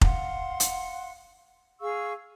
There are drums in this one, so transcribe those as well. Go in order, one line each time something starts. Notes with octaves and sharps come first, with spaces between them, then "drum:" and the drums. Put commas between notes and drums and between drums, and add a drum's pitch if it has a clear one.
F5 F#5 C6, drum: kick F1
drum: hi-hat
G#4 F5 C#6 E6